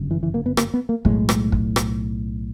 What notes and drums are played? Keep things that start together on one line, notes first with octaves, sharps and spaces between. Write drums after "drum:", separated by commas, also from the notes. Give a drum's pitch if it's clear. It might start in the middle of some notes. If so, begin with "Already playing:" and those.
Already playing: G1 F#2 C#3
E3
E3
A#3
B3
A#3, drum: rim click
B3
A#3
B1 A2 G#3, drum: kick
drum: rim click
drum: kick
drum: rim click